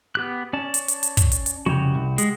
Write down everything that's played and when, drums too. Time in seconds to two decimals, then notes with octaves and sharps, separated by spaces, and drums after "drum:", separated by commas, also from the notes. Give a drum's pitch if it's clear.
0.15 B3 G4 F#6
0.53 C#4 D5 A5
0.74 drum: hi-hat
0.88 drum: hi-hat
1.03 drum: hi-hat
1.17 drum: kick, hi-hat
1.32 drum: hi-hat
1.46 drum: hi-hat
1.66 C2 F2 C#3 F#4 G4
1.95 C2
2.18 G#3, drum: hi-hat